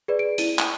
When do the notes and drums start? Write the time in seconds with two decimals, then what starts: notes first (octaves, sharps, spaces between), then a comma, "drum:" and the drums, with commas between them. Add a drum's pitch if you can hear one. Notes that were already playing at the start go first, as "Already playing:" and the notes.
0.08 G#4 B4 D5
0.19 D7
0.38 E4 D#7, drum: hi-hat
0.59 drum: clap